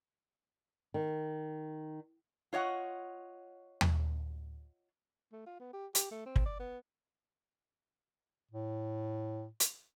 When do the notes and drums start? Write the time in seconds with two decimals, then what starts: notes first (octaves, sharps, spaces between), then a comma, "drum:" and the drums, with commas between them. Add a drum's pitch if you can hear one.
0.94 D#3
2.53 F4 C#5 D#5 F#5
3.81 drum: tom D#2
5.32 A3
5.46 F4
5.59 B3
5.73 G4
5.95 G4, drum: hi-hat
6.11 A3
6.26 C4
6.36 drum: kick
6.46 D5
6.59 B3
8.52 A2
9.60 drum: hi-hat